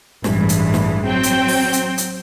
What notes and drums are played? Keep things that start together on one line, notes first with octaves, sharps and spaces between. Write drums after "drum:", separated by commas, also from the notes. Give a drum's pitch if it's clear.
A1 G2 E3 G#3, drum: snare
drum: hi-hat
drum: snare
F#3 C4 G5
drum: hi-hat
drum: open hi-hat
drum: hi-hat
drum: hi-hat